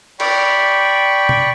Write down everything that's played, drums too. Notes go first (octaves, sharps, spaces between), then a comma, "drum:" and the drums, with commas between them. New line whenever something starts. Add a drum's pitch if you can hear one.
D5 G5 B5 C#6, drum: cymbal
drum: tom B2